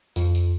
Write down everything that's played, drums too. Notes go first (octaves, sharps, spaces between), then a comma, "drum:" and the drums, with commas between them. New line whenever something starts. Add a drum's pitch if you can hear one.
F2, drum: tambourine
drum: tambourine